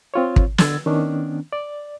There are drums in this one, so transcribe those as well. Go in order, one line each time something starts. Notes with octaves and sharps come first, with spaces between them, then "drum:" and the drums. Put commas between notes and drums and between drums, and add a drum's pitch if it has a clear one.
C4 F4 C#5
drum: kick
D3 E6 G#6 A6, drum: snare
D#3 B3 C#4 D4
D5